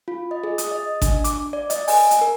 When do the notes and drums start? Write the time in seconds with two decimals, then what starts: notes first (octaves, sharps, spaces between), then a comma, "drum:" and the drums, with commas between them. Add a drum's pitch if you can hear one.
0.08 F4
0.31 D#5
0.44 G#4
0.58 D#6, drum: hi-hat
0.72 D#5
1.02 D4, drum: kick G#1, hi-hat
1.24 D6, drum: hi-hat
1.53 D5
1.70 D#5, drum: hi-hat
1.88 G#5, drum: open hi-hat
2.11 drum: hi-hat
2.21 A#4